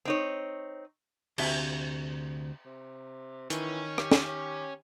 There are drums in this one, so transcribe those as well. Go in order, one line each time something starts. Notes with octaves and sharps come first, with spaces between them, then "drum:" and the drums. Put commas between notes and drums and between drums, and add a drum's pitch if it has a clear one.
C4 D#4 C#5
D2 C3 E5, drum: cymbal
C3
D#3 E3 C#4, drum: hi-hat
G4, drum: rim click
drum: snare